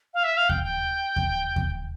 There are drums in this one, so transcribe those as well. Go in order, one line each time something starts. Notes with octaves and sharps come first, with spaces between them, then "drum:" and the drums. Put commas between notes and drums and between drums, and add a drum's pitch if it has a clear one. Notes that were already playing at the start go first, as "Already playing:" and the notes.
F5
E5
F5
G5, drum: kick D#2
G5
drum: kick D#2
drum: kick D#2